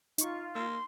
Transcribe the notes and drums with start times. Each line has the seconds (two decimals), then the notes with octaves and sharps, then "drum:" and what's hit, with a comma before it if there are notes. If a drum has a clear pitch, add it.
0.18 D#4 F4 C#6, drum: hi-hat
0.55 A#3 C6 E6